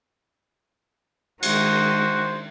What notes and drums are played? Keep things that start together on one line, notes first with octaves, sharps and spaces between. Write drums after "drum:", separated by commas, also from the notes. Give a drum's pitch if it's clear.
D#3 G#3 F#4 C5, drum: cymbal